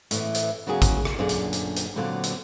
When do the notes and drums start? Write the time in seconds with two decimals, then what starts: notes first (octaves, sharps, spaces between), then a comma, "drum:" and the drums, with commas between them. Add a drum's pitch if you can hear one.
0.11 A2 E3, drum: hi-hat
0.34 drum: hi-hat
0.67 C#3 F#3 A#3 F#4 G#4
0.82 drum: kick, hi-hat
1.05 drum: rim click
1.18 F#2 A#2 D3 D4 G#4 D5
1.29 drum: hi-hat
1.53 drum: hi-hat
1.76 drum: hi-hat
1.95 A#2 D3 F#3 B3 C4
2.24 drum: hi-hat